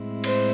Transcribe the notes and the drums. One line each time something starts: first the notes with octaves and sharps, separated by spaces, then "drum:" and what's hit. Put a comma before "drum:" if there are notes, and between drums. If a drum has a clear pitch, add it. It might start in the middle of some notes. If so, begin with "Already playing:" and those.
Already playing: A2 G#3 C4 E4
C5, drum: cymbal